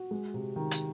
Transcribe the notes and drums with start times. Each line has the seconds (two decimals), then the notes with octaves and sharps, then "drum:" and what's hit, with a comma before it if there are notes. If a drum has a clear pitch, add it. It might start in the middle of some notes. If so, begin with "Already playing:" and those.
Already playing: F#4
0.11 G#3
0.34 C3
0.56 D#3
0.71 drum: hi-hat